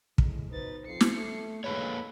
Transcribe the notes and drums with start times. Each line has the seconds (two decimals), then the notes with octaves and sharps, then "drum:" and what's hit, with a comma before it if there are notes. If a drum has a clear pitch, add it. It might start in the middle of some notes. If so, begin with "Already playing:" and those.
0.18 A2 G#3, drum: kick
0.51 B2 D#4 B4 C5 A6
0.86 F2 C7 C#7
1.01 drum: snare
1.16 A3
1.64 E2 A2 G#3 A#3 A4 B4 C#5 B5